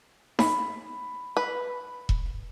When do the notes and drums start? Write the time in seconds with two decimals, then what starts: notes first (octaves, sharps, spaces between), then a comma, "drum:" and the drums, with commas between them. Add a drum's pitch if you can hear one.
0.39 B5, drum: snare D#4
1.37 B4
2.09 drum: kick E1